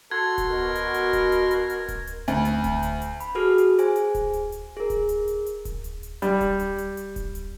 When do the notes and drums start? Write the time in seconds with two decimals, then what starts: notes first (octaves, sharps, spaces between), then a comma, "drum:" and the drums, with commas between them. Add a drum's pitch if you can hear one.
0.11 F#4 A4 C6 G#6
0.38 drum: kick D1, hi-hat
0.50 B2 A#4
0.75 drum: hi-hat
0.94 drum: hi-hat
1.13 drum: kick D1, hi-hat
1.32 drum: hi-hat
1.51 drum: hi-hat
1.70 drum: hi-hat
1.88 drum: kick D1, hi-hat
2.07 drum: hi-hat
2.28 D2, drum: hi-hat
2.45 drum: hi-hat
2.64 drum: kick D1, hi-hat
2.83 drum: hi-hat
3.01 drum: hi-hat
3.20 B5, drum: hi-hat
3.35 F#4 G#4 A4 B4 F6
3.58 drum: hi-hat
3.79 G#4 C5 G#5, drum: hi-hat
3.96 drum: hi-hat
4.15 drum: kick D1, hi-hat
4.33 drum: hi-hat
4.52 drum: hi-hat
4.77 G#4 A#4
4.90 drum: kick D1, hi-hat
5.09 drum: hi-hat
5.28 drum: hi-hat
5.46 drum: hi-hat
5.65 drum: kick D1, hi-hat
5.84 drum: hi-hat
6.03 drum: hi-hat
6.22 G3, drum: hi-hat
6.41 drum: kick D1, hi-hat
6.59 drum: hi-hat
6.78 drum: hi-hat
6.97 drum: hi-hat
7.16 drum: kick D1, hi-hat
7.35 drum: hi-hat